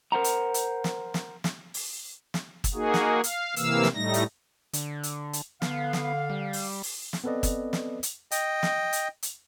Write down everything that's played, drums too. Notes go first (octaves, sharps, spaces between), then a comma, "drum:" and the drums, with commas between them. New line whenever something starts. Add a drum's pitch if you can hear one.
A#4 C5 F#5 A#5
drum: hi-hat
drum: hi-hat
drum: snare
drum: snare
drum: snare
drum: open hi-hat
drum: snare
drum: kick, hi-hat
A#3 D#4 F#4 G#4
drum: snare
F5, drum: hi-hat
C3 E3 A#3 F5 E6, drum: hi-hat
drum: snare
A2 G3 A3 D#4 A#6
drum: hi-hat
D3, drum: hi-hat
drum: hi-hat
drum: hi-hat
D3 B3 F5, drum: snare
drum: snare
G3
drum: open hi-hat
drum: open hi-hat
drum: snare
B3 C4 A4 B4 D5 D#5
drum: kick, hi-hat
drum: snare
drum: hi-hat
D#5 G5, drum: hi-hat
drum: snare
drum: hi-hat
drum: hi-hat